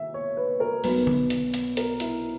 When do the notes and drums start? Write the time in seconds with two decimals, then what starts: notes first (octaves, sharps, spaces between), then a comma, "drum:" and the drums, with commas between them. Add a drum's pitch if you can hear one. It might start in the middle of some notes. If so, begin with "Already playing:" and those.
Already playing: D#3 E5
0.14 C#5
0.37 B4
0.60 A#4
0.84 B1 B2 F#3 B4, drum: open hi-hat
1.07 drum: tom
1.30 drum: hi-hat
1.54 drum: hi-hat
1.77 A#4, drum: hi-hat
2.00 E4, drum: hi-hat